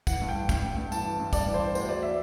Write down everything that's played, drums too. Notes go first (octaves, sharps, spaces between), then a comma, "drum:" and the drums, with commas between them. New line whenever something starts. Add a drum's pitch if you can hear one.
E3 F#5, drum: kick, tambourine
G2
G5
E3
G2 G5, drum: kick, tambourine
G2
G2
E3 A5, drum: tambourine
E3
G2
G2 D5, drum: kick, tambourine
E3
C5
E3
D2 C5, drum: tambourine
D2 D5
E5